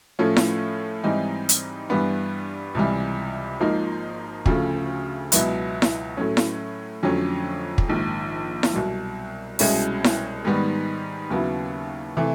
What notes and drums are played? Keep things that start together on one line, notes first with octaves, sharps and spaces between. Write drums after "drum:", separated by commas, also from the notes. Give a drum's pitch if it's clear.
A2 F3 A3 C#4
drum: snare E4
G#2 E3 G3 C4 D#4
drum: hi-hat
G2 E3 G3 B3 D4
C#2 C3 E3 G3
G#1 G#2 F3 A#3 D#4
D2 C#3 F3 A3, drum: kick
C#2 B2 F#3 B3 E4, drum: hi-hat
drum: snare E4
A2 F#3 A3 C#4
drum: snare E4
F2 D3 F#3 A3 C#4
drum: kick
A#1 G#2 D#3
drum: snare E4
C2 B2 F#3
C2 B2 G#3 C#4 E4, drum: open hi-hat
drum: snare E4
G#2 D#3 G3 B3
D#2 C#3 F#3 B3 E4
C3 E3 A3